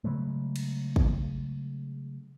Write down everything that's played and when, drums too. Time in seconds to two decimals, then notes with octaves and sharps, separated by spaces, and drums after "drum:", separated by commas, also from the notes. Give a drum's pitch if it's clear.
0.04 C#3 F#3 G#3 A3
0.56 drum: cymbal
0.96 drum: kick